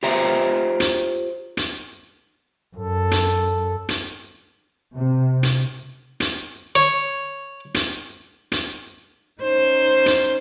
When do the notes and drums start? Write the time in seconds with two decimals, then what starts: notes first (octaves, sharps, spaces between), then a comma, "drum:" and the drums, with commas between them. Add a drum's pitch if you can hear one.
0.03 F4 G4 C5 E5 G5 A#5
0.80 drum: hi-hat
1.57 drum: hi-hat
2.76 F#2 A4
3.11 drum: hi-hat
3.89 drum: hi-hat
4.95 C3
5.43 drum: hi-hat
6.20 drum: hi-hat
6.75 C#5
7.74 drum: hi-hat
8.52 drum: hi-hat
9.42 C#4 D#4 C5
10.06 drum: hi-hat